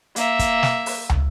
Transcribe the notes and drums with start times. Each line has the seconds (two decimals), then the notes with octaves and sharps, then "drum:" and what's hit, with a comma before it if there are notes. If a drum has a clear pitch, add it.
0.16 A#3 E5, drum: hi-hat
0.39 drum: kick, hi-hat
0.63 drum: snare
0.86 drum: open hi-hat
1.09 drum: tom